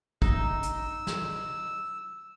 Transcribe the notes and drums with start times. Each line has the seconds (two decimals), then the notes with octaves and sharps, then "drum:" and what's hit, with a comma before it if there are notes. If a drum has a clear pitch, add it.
0.22 D#4 E6, drum: kick
0.63 drum: hi-hat
1.07 drum: snare